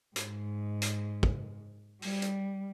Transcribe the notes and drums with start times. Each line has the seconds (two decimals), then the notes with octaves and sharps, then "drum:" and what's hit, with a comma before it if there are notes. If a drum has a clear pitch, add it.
0.16 G#2, drum: hi-hat
0.82 drum: hi-hat
1.23 drum: kick
2.02 G3, drum: open hi-hat
2.22 drum: hi-hat